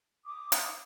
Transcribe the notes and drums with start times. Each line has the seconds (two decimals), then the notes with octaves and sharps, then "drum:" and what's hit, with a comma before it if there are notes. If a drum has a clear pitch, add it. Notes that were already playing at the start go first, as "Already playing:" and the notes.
0.25 D6 D#6
0.52 drum: hi-hat